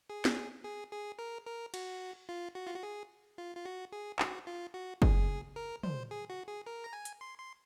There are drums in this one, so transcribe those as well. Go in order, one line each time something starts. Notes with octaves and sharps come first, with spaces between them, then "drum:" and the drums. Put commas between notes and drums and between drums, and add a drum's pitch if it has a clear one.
G#4
drum: snare
G#4
G#4
A#4
A#4
F#4, drum: cymbal
F4
F#4
F4
F#4
G#4
F4
F4
F#4
G#4
F#4, drum: clap
F4
F#4
G#4, drum: kick F#1
A#4
C5, drum: tom
G#4
F#4
G#4
A#4
A#5
G#5
drum: hi-hat
C6
C6